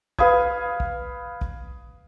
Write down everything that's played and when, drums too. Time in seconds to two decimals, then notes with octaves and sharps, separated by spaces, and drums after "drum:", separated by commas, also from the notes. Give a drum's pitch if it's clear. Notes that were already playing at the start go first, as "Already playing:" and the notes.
0.19 B4 F5 B5 D#6 G#6, drum: kick
0.80 drum: kick
1.41 drum: kick